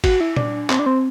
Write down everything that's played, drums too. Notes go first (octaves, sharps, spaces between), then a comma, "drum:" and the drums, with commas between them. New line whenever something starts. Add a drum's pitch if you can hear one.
F#4, drum: kick, cymbal
E4
D4, drum: tom A#2
C4, drum: clap
D4
C4